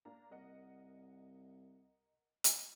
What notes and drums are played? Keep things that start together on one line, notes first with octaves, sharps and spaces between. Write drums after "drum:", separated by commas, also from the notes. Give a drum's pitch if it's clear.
A#3 D4 A#5
C2 A#4 D#5 F#5
drum: hi-hat